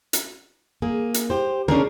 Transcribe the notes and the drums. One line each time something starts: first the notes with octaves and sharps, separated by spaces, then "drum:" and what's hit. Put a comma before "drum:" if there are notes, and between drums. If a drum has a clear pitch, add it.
drum: hi-hat
A#3 G#4
drum: hi-hat
G4 C5
C#4 D4 G#4 A#4, drum: tom